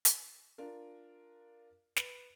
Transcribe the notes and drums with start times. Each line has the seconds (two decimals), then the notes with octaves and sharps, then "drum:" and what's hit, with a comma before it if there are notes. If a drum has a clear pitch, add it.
0.05 drum: hi-hat
0.58 D4 F4 A#4
1.96 B4, drum: snare